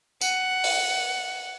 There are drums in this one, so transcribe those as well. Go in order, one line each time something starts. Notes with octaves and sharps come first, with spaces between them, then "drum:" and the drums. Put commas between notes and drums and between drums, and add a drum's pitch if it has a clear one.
F#5, drum: tambourine
drum: open hi-hat